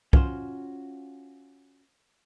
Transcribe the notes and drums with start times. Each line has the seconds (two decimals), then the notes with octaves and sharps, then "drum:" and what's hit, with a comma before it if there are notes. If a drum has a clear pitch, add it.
0.13 C#4 F4 F#4 C5, drum: kick